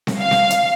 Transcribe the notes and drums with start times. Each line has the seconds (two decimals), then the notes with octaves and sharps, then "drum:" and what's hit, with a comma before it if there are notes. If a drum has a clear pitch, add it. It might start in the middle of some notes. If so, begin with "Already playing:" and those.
0.07 drum: snare C4
0.20 F5
0.31 drum: snare C4
0.50 drum: hi-hat